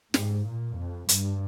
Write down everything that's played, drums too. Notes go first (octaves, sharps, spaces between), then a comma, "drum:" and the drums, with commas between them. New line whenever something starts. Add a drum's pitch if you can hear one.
G#2, drum: snare
A#2
F2
G2, drum: hi-hat